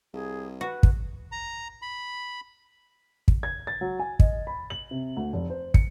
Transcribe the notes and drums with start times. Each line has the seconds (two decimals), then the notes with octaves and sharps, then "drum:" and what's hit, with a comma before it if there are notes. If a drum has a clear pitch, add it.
0.14 C2 G#4
0.61 F#4 B4
0.83 drum: kick
1.32 A#5
1.82 B5
3.28 drum: kick
3.43 G#6
3.67 A6
3.81 F#3
3.99 G#5
4.19 D#5, drum: kick
4.47 B5
4.70 F#7
4.91 C3
5.17 D2
5.33 F1
5.50 C5
5.74 C#7, drum: kick